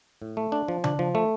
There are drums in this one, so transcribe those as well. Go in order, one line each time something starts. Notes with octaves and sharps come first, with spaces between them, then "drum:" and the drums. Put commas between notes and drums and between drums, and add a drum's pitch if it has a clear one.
A2
A3
D4
F3
D4, drum: tom C#3
F3
A3